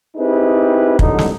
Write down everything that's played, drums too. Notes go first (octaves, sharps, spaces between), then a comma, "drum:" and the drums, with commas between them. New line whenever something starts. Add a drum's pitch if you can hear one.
C4 D#4 E4 G4 G#4 B4
C2 F2 D3 F#3 D#4, drum: kick
drum: snare